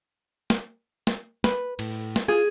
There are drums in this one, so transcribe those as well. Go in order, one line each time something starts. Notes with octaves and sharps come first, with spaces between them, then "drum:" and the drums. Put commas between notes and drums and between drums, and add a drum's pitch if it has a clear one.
drum: snare
drum: snare
B4, drum: snare
A2, drum: cymbal
drum: snare
F4 G#4